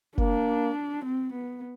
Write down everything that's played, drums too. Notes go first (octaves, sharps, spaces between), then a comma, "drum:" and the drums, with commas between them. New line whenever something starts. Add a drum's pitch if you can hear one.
A#3 D4, drum: kick
C4
B3